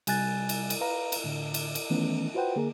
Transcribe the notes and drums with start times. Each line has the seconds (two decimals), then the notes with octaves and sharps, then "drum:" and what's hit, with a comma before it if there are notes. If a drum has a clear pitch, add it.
0.07 C3 G3 G#5 F#6 A6, drum: cymbal
0.49 drum: cymbal
0.70 drum: cymbal
0.81 B4 F5 A#5
1.12 drum: cymbal
1.24 A2 D3
1.54 drum: cymbal
1.75 drum: cymbal
1.90 D#3 E3 A3 B3 C#4
2.34 F4 F#4 B4 C5 F#5 G5
2.56 D3 A#3 G#4 A#4